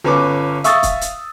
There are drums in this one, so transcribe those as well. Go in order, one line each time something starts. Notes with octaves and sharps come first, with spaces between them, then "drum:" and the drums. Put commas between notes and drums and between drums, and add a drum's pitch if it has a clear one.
G1 C#4 B4 D6
E5 F5 C#6 D#6 E6 A6, drum: hi-hat
drum: kick, hi-hat
drum: hi-hat